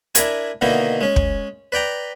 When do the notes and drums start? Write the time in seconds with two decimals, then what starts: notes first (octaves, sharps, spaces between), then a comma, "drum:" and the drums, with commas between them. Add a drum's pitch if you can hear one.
0.15 D4 E4 A#4 G#5, drum: hi-hat
0.61 B2 D3 D#3 A#3 D#4 E4
1.01 G#3 C#4
1.16 drum: kick
1.72 B4 D5 G5 A#5